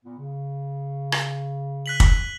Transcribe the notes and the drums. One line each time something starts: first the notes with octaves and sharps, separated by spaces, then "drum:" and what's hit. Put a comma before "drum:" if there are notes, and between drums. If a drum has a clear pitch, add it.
A#2 B3
C#3
drum: rim click
F#6 B6 F#7
drum: kick